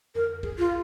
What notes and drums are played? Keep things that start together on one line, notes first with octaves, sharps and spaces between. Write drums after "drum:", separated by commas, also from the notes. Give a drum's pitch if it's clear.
A#4, drum: tom F2
G#4, drum: kick
F4